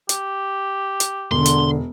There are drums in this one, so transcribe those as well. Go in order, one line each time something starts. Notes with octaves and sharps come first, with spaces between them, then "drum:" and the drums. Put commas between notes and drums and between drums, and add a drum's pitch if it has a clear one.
G4, drum: hi-hat
drum: hi-hat
E1 D3 C6
drum: hi-hat